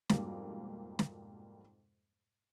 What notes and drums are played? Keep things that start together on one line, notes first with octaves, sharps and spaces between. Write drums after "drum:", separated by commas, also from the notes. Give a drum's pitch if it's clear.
F2 G#2 B2 G3 A#3, drum: snare
drum: snare